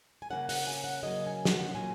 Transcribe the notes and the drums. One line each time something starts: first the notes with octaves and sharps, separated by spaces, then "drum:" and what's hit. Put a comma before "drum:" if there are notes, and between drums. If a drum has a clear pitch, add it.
G#5
C#3 F#3 A#3 C#4 F#5
F#5, drum: open hi-hat
G#5
F#5
C#3 F#3 A#3 C#4 D#5
G#5
D#5, drum: snare
F#5
A#2 F#3 C#4 G#5